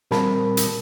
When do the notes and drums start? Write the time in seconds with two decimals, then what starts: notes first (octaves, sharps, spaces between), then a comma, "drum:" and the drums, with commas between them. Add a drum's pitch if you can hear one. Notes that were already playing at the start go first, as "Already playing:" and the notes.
0.11 A#2 G3 C4 A#4 A5 B5, drum: snare
0.57 drum: hi-hat